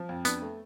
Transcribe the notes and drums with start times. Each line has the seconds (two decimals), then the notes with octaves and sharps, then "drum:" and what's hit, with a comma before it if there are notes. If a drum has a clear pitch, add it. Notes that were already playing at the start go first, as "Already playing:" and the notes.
Already playing: F3
0.09 F2
0.25 B3 D4, drum: hi-hat
0.42 A3